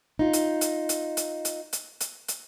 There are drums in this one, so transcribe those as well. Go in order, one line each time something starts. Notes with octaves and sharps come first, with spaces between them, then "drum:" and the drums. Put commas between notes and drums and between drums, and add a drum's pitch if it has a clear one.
D#4 F4
drum: hi-hat
drum: hi-hat
drum: hi-hat
drum: hi-hat
drum: hi-hat
drum: hi-hat
drum: hi-hat
drum: hi-hat